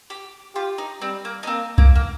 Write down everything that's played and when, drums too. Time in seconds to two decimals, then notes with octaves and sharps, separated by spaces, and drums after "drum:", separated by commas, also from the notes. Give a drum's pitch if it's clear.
0.10 G4
0.55 F4 G4
0.78 D#4
1.02 G3 C4
1.25 A#3
1.43 D#4
1.47 A#3 C4
1.78 A#3, drum: kick C2
1.95 A#3